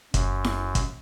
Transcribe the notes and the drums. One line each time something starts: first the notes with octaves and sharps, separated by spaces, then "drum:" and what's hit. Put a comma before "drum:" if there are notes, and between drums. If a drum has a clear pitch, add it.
F#1 F#2, drum: kick, hi-hat
drum: snare E4
drum: kick, hi-hat